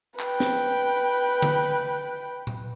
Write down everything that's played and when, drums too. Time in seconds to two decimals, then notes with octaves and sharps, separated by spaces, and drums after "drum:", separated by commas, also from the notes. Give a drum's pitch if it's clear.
0.20 B4 G5, drum: clap
0.40 drum: snare
1.42 drum: tom
2.47 drum: tom A#2